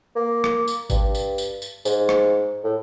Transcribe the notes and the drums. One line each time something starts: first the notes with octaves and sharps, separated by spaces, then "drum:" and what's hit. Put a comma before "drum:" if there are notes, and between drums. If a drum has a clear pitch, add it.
A#3
drum: rim click
drum: tambourine
G2, drum: kick G#1, tambourine
drum: tambourine
drum: tambourine
drum: tambourine
G#2, drum: tambourine
drum: rim click
A2